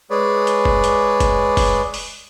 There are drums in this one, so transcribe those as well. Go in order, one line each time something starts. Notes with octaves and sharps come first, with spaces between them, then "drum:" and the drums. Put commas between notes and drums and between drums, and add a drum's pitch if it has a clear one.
G#3 G#4 B4 C#5 D5
drum: hi-hat
drum: kick
drum: hi-hat
drum: kick, hi-hat
drum: kick, open hi-hat
drum: open hi-hat